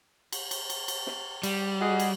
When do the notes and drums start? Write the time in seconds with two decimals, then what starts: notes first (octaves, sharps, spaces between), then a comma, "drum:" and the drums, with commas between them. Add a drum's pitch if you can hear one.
0.32 drum: cymbal
0.51 drum: cymbal
0.70 drum: cymbal
0.88 drum: cymbal
1.07 drum: snare
1.43 G3, drum: cymbal
1.81 F#4 G#4 D#5
2.00 drum: cymbal